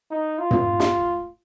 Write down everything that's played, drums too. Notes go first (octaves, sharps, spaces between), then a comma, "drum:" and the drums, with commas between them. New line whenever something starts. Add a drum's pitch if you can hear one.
D#4
F4
drum: tom
drum: snare